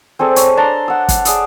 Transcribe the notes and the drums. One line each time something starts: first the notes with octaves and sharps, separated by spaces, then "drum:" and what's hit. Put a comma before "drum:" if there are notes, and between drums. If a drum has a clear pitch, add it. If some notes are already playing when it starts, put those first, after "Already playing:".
C4 G#4 A4 D5
C#5, drum: hi-hat
D4 A5 A#5 C6
F#5 E6
drum: kick, hi-hat
G#4 D5 D#6 E6, drum: hi-hat